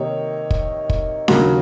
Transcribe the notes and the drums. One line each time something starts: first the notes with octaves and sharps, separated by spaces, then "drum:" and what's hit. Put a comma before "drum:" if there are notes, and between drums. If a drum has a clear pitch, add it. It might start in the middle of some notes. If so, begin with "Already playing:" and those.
Already playing: C3 D#3 A#3 D#4 C#5
drum: kick
drum: kick
D#2 C#3 F#3 A#3 F#4, drum: snare D4